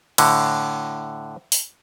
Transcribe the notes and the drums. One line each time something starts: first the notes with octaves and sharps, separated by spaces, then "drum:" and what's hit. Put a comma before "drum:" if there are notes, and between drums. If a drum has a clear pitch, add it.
A2 D3, drum: cymbal
drum: open hi-hat